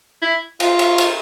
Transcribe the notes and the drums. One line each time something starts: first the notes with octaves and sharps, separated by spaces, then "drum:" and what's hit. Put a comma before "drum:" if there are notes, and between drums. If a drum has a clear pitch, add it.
E4
F4, drum: cymbal
drum: cymbal
drum: cymbal